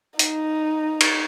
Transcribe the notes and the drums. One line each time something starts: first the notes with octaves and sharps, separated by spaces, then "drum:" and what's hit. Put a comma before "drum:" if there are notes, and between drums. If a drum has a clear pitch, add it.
D#4, drum: hi-hat
drum: cymbal